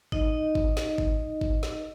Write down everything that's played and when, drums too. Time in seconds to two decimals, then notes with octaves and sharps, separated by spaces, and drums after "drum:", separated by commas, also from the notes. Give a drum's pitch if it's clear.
0.12 D#4 D#5, drum: kick G1
0.55 drum: kick G1
0.77 drum: snare
0.98 drum: kick G1
1.41 drum: kick G1
1.63 drum: snare